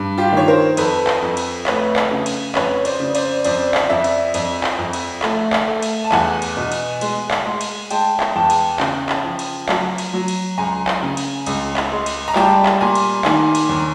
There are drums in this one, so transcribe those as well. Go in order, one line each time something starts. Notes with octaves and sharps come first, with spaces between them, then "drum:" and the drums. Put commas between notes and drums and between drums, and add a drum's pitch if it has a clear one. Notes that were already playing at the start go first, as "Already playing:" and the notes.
Already playing: G2
F4 G4
D#3 C#5
A#4 C5
F2 A4 B4, drum: cymbal
drum: clap
F2
drum: cymbal
A3 B4 C#5, drum: clap
drum: clap
C#3
drum: cymbal
F2 B4 C#5, drum: clap
C5 D5, drum: cymbal
C#3
C5 D5, drum: cymbal
F2 C5 D5, drum: cymbal
drum: clap
F2 D5 E5
drum: cymbal
F2, drum: cymbal
drum: clap
F2
drum: cymbal
A3, drum: clap
drum: clap
A3
drum: cymbal
A5
E2 F#5 G#5, drum: clap
drum: cymbal
B2
drum: cymbal
G#3, drum: cymbal
drum: clap
G#3
drum: cymbal
G#3 G5 A5, drum: cymbal
drum: clap
E2 G5 A5
drum: cymbal
C#3, drum: clap
drum: clap
F3
drum: cymbal
F#3, drum: clap
drum: cymbal
F#3
drum: cymbal
C#2 G#5 A#5
drum: clap
C#3
drum: cymbal
C#2, drum: cymbal
drum: clap
G#3
drum: cymbal
A#5
G3 G5 A5, drum: clap
drum: clap
A#2 G#5 A#5
drum: cymbal
D#3 G#5 A#5, drum: clap
drum: cymbal
D#2